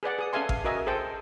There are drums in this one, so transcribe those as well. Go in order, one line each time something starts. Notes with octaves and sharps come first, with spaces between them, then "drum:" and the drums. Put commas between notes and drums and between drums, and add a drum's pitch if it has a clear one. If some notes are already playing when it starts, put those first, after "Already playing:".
G#4 B4 D5 F#5
G#4 D#6
C#4 A4 E5 F5 G#5 C6
F5, drum: kick G#1
F#4 A#4 D#5 E5 G#5
G#4 A4 C5 G5 A5